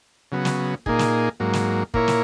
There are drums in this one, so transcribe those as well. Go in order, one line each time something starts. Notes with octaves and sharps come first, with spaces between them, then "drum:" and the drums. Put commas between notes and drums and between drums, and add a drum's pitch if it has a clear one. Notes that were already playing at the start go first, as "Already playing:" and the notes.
C#3 F#3 B3
drum: snare
A#2 A#3 D#4 G#4, drum: kick
drum: snare
G#2 F#3 A#3
drum: snare
A#2 A#3 E4 A#4 C#5, drum: kick
drum: snare